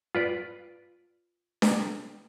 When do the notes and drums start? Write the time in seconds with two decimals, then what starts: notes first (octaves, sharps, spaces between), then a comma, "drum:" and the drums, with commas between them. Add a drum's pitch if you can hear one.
0.15 F4 B4 D5
1.62 drum: snare D4